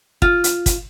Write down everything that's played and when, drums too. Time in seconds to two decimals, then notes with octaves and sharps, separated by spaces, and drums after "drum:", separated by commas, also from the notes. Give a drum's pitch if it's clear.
0.22 F4, drum: kick
0.44 drum: hi-hat
0.66 drum: kick, hi-hat